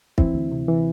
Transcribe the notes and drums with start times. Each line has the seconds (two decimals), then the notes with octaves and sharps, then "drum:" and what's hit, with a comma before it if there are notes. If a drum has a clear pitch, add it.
0.18 E3 C4 E4, drum: kick
0.35 D2
0.52 C3
0.68 E3